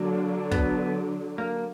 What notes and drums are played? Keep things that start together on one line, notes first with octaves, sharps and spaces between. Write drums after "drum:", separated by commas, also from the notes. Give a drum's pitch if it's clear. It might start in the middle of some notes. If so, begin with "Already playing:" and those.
Already playing: D3 F#3 A#3 D4
B3, drum: kick
A#3